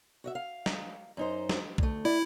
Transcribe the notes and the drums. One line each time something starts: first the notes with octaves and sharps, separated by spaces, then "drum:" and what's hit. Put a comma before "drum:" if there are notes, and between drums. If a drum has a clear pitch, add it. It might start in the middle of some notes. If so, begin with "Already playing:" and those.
F#4 D#5 E5
F5
drum: snare
F#2 D#4 C5
drum: snare
D2 A3, drum: kick B1
E4 D5 E5